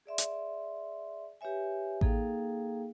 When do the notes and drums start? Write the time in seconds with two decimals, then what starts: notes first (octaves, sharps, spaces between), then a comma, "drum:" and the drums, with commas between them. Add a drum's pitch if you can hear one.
0.06 G#4 D5 E5 C6
0.18 drum: hi-hat
1.41 G4 B4 C#5 E5 G#5
2.01 A#3 D#4 G#4 A4 F5 G5, drum: kick A1